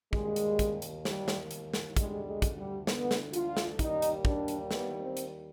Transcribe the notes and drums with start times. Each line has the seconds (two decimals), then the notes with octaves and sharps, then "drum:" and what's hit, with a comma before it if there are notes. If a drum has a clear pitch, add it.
0.13 D#2 D#3 G3 G#3, drum: kick
0.36 drum: hi-hat
0.59 drum: kick, hi-hat
0.82 drum: hi-hat
1.05 G3, drum: snare
1.28 drum: snare
1.51 drum: hi-hat
1.74 drum: snare
1.97 D2 D3 G3 G#3, drum: kick, hi-hat
2.27 G#3
2.42 drum: kick, hi-hat
2.57 G3
2.87 B3, drum: snare
3.11 drum: snare
3.33 F4, drum: hi-hat
3.57 drum: snare
3.79 D#2 D#3 G3 D#4, drum: kick, hi-hat
4.02 drum: hi-hat
4.25 D4, drum: kick
4.48 drum: hi-hat
4.71 B3, drum: snare
5.01 C4
5.17 drum: hi-hat